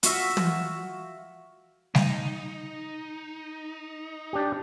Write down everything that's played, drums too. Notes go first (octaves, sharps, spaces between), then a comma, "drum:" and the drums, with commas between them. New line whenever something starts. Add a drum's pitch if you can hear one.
F4 F#4 E5, drum: hi-hat
drum: tom
D#4, drum: snare G3
D4 G4